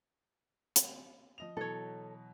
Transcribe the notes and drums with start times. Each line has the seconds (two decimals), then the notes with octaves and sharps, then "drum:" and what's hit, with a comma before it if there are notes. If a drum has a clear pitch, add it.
0.76 drum: hi-hat
1.38 F3 D#5 F7
1.57 B2 E3 F#3 A4 C#5